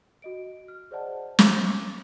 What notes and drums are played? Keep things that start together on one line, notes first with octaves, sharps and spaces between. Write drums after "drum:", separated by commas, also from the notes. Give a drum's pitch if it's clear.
F#4 D#5 D7
F6
G#4 C5 D5 D#5 F#5 A5
C6 D6 E6, drum: snare